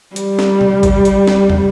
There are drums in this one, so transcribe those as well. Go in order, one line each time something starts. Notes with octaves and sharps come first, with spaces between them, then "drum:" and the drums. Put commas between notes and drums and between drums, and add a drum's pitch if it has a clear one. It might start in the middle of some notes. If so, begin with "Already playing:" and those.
G3, drum: hi-hat
drum: snare C#4
drum: tom B2
drum: kick, hi-hat
drum: hi-hat
drum: snare C#4
drum: tom